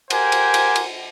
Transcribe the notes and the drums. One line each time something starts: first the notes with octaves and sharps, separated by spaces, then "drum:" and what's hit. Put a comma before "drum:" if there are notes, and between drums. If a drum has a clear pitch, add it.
G4 A#4 C5 F#5 G#5, drum: cymbal
drum: cymbal
drum: cymbal
drum: cymbal